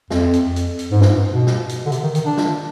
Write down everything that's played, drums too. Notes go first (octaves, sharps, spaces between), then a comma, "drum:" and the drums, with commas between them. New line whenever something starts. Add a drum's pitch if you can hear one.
F2, drum: snare
drum: hi-hat
drum: hi-hat
drum: hi-hat
G#2
G2, drum: snare
G#2
B2
drum: snare
drum: hi-hat
D3
C3, drum: hi-hat
D#3
D#3, drum: hi-hat
D4
drum: snare